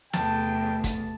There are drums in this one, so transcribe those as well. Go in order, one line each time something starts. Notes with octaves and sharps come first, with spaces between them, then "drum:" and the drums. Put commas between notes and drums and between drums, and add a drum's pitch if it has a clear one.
E2 C3 A3 G5 A5, drum: snare
drum: kick, hi-hat